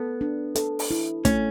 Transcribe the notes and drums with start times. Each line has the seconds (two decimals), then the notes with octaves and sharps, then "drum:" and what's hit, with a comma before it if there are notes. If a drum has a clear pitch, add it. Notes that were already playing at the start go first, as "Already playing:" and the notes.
Already playing: B3 A4
0.21 D4
0.55 A4, drum: hi-hat
0.79 drum: open hi-hat
0.91 E4
1.25 A3 C#4, drum: kick, hi-hat